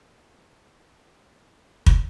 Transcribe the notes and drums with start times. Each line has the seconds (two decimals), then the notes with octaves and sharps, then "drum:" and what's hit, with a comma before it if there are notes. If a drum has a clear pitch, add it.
0.11 D#4
0.66 G4 D#5
1.28 F5
1.86 drum: kick